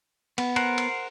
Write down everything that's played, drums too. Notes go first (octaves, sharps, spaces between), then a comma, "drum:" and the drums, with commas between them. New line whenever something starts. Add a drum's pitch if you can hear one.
B3, drum: cymbal
A#4 C5 F#5, drum: cymbal
drum: cymbal